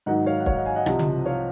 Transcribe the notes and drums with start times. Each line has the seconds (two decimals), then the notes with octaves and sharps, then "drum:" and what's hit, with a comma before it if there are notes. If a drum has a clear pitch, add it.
0.06 G#2 D#3 F#3 D#5 F#5
0.26 C#5 F5
0.40 F#5
0.46 C#5 F5, drum: kick
0.56 D#5 F#5
0.66 F5 G#5
0.76 D#5 F#5
0.86 C2 C3 F3, drum: rim click
0.99 drum: tom C#3
1.26 C#5 F5